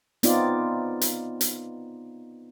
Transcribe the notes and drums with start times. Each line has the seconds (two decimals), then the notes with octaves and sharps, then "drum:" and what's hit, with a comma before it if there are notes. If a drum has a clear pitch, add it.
0.23 B3 C4 D#4 F4 D5, drum: hi-hat
1.01 drum: hi-hat
1.41 drum: hi-hat